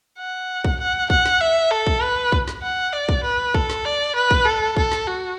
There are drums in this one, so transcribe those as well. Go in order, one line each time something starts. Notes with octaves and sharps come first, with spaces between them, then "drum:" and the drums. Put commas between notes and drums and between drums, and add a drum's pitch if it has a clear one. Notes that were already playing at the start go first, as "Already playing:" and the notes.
F#5
drum: kick
F#5
F#5, drum: kick
drum: snare
E5
A4
drum: kick
B4
drum: kick
drum: snare
F#5
D5
drum: kick
B4
A4, drum: kick
drum: snare
D5
B4
drum: kick
A4
A4, drum: kick
drum: snare
F#4